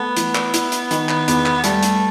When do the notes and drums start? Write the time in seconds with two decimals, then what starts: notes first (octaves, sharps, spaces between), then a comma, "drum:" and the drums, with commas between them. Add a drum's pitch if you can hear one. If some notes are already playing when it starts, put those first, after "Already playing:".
Already playing: A3 B3
0.17 E3, drum: hi-hat
0.35 drum: clap
0.54 E4, drum: hi-hat
0.72 drum: hi-hat
0.91 D#3, drum: hi-hat
1.09 drum: clap
1.28 E2, drum: hi-hat
1.46 drum: clap
1.64 G3 A3, drum: hi-hat
1.83 drum: hi-hat